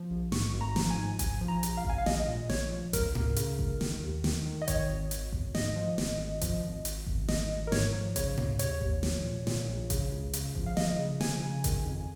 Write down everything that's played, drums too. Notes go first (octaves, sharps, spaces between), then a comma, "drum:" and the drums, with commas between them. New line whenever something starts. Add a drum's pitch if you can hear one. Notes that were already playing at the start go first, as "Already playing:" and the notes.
Already playing: F3
A#1
G#2 C#6, drum: snare
G#1
A#5
F3, drum: snare
G#5
G#2
A#1 G#5, drum: kick G#1, hi-hat
F3
A#5
A#1, drum: hi-hat
F5
A#1 G#5, drum: kick G#1
F5
A#1 D#5, drum: snare
A#2
A#1 C#5, drum: snare
F3
C#2 A#4, drum: kick G#1, hi-hat
C#2, drum: tom G#2
C#3, drum: hi-hat
C#2, drum: kick G#1
D#3, drum: snare
D#2
D#3, drum: snare
D#3
D#5
D#3 C#5, drum: kick G#1, hi-hat
G#1
G#1, drum: hi-hat
G#1, drum: kick G#1
G#2 D#5, drum: snare
F3
G#1, drum: snare
G#1
F3, drum: kick G#1, hi-hat
G#1
G#1, drum: hi-hat
G#1, drum: kick G#1
G#1 D#5, drum: snare
G#1
A#4
G#2 C#5, drum: snare
F3
C#3 C#5, drum: kick G#1, hi-hat
C#3, drum: tom G#2
D#2 C#5, drum: hi-hat
D#2, drum: kick G#1
F3, drum: snare
A#2
A#2, drum: snare
A#1
C#3, drum: kick G#1, hi-hat
C#2
C#3, drum: hi-hat
F3, drum: kick G#1
F5
F3 D#5, drum: snare
C#3
F3 G#5, drum: snare
C#3
D#3, drum: kick G#1, hi-hat
F2